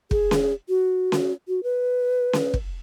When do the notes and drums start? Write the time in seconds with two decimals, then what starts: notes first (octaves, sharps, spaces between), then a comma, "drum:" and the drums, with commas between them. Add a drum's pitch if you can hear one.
0.11 G#4, drum: kick
0.31 drum: snare C#4
0.69 F#4
1.12 drum: snare C#4
1.48 F#4
1.63 B4
2.33 drum: snare C#4
2.54 drum: kick